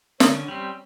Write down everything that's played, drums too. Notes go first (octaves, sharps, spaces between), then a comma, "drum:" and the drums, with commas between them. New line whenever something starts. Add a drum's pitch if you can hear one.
D3 C#4, drum: snare
G3 C4